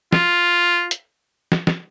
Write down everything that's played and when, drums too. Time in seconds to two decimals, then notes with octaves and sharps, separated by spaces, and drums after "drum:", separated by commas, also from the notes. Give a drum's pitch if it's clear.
0.13 F4, drum: snare
0.91 drum: hi-hat
1.52 drum: snare
1.67 drum: snare